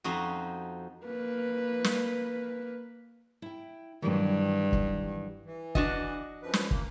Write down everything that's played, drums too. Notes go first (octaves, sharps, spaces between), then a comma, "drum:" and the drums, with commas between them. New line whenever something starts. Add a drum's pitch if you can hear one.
F2 F3 D#4 F#4
A#3 B4
drum: snare
E4 G5
G2 D#3 E3 F#3
drum: kick
E3
D4 F#4 D#5, drum: kick
F#2 F3 B4
drum: snare
A#3, drum: kick